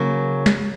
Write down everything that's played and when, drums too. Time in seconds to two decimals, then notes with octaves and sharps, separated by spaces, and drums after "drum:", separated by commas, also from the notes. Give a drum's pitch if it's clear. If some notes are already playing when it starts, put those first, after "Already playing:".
Already playing: C#3 F#3 A#3
0.46 drum: snare